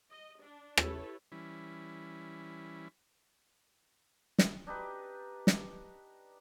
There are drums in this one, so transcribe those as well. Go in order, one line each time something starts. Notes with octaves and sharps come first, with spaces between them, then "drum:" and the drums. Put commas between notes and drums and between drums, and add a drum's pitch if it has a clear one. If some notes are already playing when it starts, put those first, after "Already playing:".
D#5
D4
E4 G4 A4 B4 C#5, drum: rim click
E3 G3 C#4 E4
drum: snare
D4 D#4 G4 B4
drum: snare